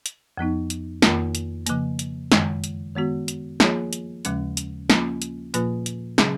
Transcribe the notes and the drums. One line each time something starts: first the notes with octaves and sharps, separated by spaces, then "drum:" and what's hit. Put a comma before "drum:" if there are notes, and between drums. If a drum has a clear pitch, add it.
drum: hi-hat
F2 F3 B3 D#4
drum: hi-hat
F2 D#3 A#3 F4 A#4, drum: snare
drum: hi-hat
C#3 F3 A#3, drum: hi-hat
drum: hi-hat
F#2 D#3 G#3, drum: snare
drum: hi-hat
D#3 G#3 B3 F#4
drum: hi-hat
F3 A#3 F4 G#4 C#5, drum: snare
drum: hi-hat
D#2 C#3 F3 G#3 C#4, drum: hi-hat
drum: hi-hat
F3 A#3 C#4 F4, drum: snare
drum: hi-hat
A#2 F3 A#3 F4 B4, drum: hi-hat
drum: hi-hat
C#3 F#3 C#4 G#4, drum: snare